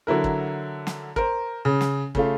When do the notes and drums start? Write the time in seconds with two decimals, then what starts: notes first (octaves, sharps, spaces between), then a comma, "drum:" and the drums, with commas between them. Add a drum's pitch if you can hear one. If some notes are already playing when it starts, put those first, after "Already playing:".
0.07 D3 F#3 E4 A#4
0.24 drum: kick
0.87 drum: snare
1.16 A#4 C5, drum: kick
1.65 C#3
1.81 drum: snare
2.15 C#3 A3 F4, drum: kick